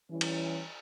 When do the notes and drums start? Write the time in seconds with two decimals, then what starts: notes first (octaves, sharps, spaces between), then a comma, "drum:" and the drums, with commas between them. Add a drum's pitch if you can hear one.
0.10 E3 G3 C#4 E4
0.21 drum: cymbal